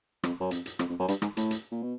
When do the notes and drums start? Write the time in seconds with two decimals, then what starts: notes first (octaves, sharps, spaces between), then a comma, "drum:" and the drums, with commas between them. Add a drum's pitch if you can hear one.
0.23 F2, drum: rim click
0.40 F#2
0.51 F2, drum: hi-hat
0.66 drum: hi-hat
0.79 F2, drum: rim click
0.89 F2
0.99 F#2
1.08 G2, drum: hi-hat
1.22 G#2, drum: rim click
1.37 A2, drum: hi-hat
1.51 drum: hi-hat
1.71 A#2
1.83 B2